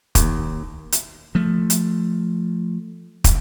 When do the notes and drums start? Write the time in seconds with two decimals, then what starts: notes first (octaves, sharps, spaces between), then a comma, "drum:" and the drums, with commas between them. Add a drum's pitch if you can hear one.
0.15 D#2, drum: kick, hi-hat
0.92 drum: hi-hat
1.35 F3 A3
1.70 drum: hi-hat
3.24 drum: kick, hi-hat